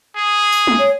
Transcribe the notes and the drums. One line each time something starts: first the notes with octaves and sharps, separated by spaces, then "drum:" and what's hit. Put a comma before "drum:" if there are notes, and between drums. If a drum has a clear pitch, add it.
G#4
drum: tambourine
drum: tom
C#5